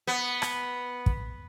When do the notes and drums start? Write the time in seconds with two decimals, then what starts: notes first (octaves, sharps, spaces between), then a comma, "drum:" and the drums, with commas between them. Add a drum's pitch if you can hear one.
0.07 B3
0.42 drum: rim click
1.06 drum: kick